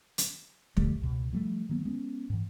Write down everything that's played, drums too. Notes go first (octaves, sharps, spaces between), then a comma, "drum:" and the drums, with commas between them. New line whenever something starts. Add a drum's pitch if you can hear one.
drum: hi-hat
D3 F3 G3 A3, drum: kick
C#2 B2
F3 G3 A3
D#3 F#3 A#3 B3
G#3 B3 C#4
G#2 E3